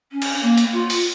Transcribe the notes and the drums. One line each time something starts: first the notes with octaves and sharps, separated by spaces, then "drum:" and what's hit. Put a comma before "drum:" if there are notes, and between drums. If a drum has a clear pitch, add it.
C#4
drum: cymbal
A#3
drum: hi-hat
F4
drum: open hi-hat